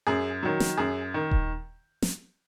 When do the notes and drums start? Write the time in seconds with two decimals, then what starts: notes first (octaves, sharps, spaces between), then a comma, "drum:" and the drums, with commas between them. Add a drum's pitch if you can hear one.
0.07 F#2 G#4
0.43 D#3 F#3
0.60 drum: snare
0.77 F#2 G#4
1.14 D#3
1.31 drum: kick D#1
2.02 drum: snare